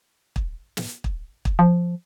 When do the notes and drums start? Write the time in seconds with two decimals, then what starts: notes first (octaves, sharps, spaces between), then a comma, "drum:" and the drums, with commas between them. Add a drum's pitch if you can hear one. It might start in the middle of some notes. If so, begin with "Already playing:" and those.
0.36 drum: kick
0.77 drum: snare
1.04 drum: kick
1.45 drum: kick
1.59 F3